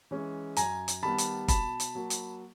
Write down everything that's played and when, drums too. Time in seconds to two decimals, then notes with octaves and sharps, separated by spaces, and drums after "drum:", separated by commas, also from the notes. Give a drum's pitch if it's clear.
0.11 E3 G#3 C#4
0.56 F#2 G#5 A#5, drum: hi-hat
0.88 drum: hi-hat
1.02 D#3 G3 B3 A5 B5
1.18 drum: hi-hat
1.48 B2 A5 B5, drum: kick, hi-hat
1.80 drum: hi-hat
1.95 F#3 A#3
2.10 drum: hi-hat